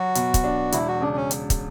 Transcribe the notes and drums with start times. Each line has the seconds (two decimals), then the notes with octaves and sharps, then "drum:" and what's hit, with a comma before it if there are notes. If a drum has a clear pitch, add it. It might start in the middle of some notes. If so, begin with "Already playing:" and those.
Already playing: F#3 F#4
0.15 B2, drum: hi-hat
0.34 drum: kick, hi-hat
0.44 D4
0.72 E1 E4, drum: hi-hat
0.88 F#4
1.01 C#3 D4
1.16 C#4
1.31 drum: hi-hat
1.50 drum: kick, hi-hat